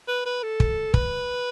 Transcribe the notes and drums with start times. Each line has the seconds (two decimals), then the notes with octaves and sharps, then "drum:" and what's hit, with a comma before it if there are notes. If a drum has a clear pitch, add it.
0.08 B4
0.26 B4
0.43 A4
0.60 drum: kick
0.94 B4, drum: kick